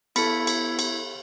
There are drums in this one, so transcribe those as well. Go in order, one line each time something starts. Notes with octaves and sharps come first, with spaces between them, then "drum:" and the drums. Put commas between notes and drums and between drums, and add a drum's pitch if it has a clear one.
B3 E4 A4 B5 C#7, drum: cymbal
drum: cymbal
drum: cymbal